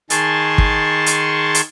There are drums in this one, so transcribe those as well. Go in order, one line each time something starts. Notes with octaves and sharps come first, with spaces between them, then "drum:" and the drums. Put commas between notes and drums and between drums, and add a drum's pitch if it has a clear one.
D#3 G#4 A5 C6 C#6, drum: hi-hat
drum: kick
drum: hi-hat
drum: hi-hat